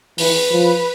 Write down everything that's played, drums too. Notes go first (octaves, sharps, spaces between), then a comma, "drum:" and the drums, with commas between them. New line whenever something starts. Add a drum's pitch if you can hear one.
E3 B4, drum: open hi-hat
F3